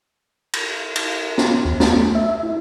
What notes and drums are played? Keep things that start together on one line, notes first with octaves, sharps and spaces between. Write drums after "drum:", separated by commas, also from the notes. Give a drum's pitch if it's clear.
drum: cymbal
drum: cymbal
drum: snare
D#2
A3, drum: snare
E5
E4